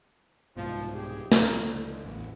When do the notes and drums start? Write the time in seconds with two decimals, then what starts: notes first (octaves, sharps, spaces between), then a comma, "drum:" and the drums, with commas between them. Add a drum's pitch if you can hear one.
0.57 C2 G#2 B2 F3
0.95 G4 G#4
1.32 C#2 C4 A#4, drum: snare
1.46 drum: hi-hat
1.63 D3
2.05 A1 E2